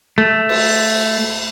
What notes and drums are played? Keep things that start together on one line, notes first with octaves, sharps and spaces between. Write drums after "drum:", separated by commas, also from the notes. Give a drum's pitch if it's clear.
A3
drum: cymbal